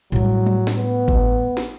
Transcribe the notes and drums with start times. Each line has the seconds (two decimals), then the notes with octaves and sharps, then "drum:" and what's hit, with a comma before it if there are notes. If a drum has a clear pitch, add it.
0.12 A2 F#3 G3
0.46 drum: tom F#3
0.67 drum: snare
0.77 B3
1.08 drum: kick G#1
1.57 drum: snare